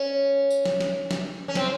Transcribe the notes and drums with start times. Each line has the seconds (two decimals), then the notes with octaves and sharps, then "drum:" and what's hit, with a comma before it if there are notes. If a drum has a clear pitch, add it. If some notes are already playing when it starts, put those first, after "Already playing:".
Already playing: C#4
0.50 drum: tambourine
0.66 drum: snare
0.81 drum: snare
1.11 drum: snare
1.48 C#4
1.56 C4, drum: snare